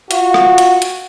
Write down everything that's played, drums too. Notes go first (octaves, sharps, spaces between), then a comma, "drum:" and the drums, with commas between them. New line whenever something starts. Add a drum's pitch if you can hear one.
F4 F#4, drum: hi-hat
drum: rim click
drum: hi-hat
drum: hi-hat